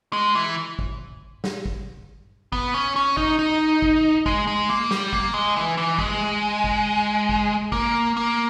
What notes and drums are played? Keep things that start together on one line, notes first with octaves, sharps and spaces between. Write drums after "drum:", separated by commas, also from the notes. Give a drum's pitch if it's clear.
G#3
E3
drum: kick
drum: snare
drum: kick
B3, drum: kick
C#4
C#4
D#4, drum: kick
D#4
drum: kick
G#3, drum: kick
G#3
A#3
G3, drum: snare
A#3, drum: kick
G#3
E3
E3
G#3, drum: kick
drum: kick
drum: kick
A#3, drum: kick
A#3